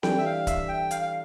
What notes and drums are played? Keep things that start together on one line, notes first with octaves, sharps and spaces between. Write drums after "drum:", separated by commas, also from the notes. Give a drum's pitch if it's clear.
E3 G3 D4 A4 G5, drum: snare C4
E5
F5
E5, drum: kick C#1, hi-hat
G5
F5, drum: hi-hat
F5